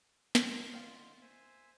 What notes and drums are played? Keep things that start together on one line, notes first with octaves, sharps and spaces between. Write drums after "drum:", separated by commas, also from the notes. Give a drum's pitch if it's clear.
F4, drum: snare
D3 D#3 F4 F5 G5
C5 E5 G#5